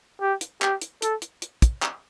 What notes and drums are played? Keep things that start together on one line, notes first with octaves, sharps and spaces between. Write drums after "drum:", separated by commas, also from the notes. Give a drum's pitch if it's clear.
G4
drum: hi-hat
G4, drum: clap
drum: hi-hat
A4, drum: hi-hat
drum: hi-hat
drum: hi-hat
drum: kick, hi-hat
drum: clap